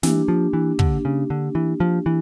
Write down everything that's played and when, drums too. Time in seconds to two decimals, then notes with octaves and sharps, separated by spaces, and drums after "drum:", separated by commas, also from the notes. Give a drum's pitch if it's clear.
0.03 E3 A#3 D4 G4, drum: snare
0.28 F3
0.53 E3
0.79 D3, drum: kick
1.05 C#3
1.30 D3
1.55 E3
1.80 F3
2.06 E3